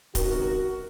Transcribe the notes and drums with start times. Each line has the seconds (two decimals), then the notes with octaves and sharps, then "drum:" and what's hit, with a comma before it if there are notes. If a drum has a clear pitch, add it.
0.15 C#2 C3 D#3 F#4 A#4, drum: kick D1, hi-hat